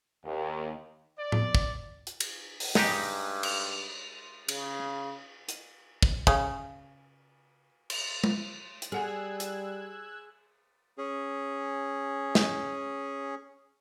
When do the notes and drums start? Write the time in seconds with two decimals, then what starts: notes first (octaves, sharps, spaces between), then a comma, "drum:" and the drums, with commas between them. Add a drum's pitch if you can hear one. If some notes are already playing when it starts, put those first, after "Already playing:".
0.25 D#2
1.18 D5
1.32 drum: tom A2
1.55 drum: kick
2.07 drum: hi-hat
2.20 drum: cymbal
2.60 drum: open hi-hat
2.75 G2 G#3 D#4 G4, drum: snare
3.43 drum: cymbal
4.48 C#3, drum: cymbal
5.49 drum: hi-hat
6.03 drum: kick
6.27 C#3 C#4, drum: kick
7.90 drum: cymbal
8.24 drum: tom G#3
8.82 drum: hi-hat
8.92 G3 G#4 A4 F#5 G#5 E6 F#6 G#6
9.40 drum: hi-hat
10.98 C#4 G#4
12.35 drum: snare